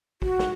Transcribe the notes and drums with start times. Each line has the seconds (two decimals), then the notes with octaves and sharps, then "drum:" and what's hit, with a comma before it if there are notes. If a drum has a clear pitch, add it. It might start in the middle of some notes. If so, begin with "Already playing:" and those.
0.22 F#4, drum: kick
0.39 drum: snare